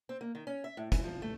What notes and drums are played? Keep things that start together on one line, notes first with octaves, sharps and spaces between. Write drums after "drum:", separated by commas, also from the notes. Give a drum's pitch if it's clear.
C4
A#3
D#3
C#4
E5
A2
E3, drum: kick, hi-hat
F3
A3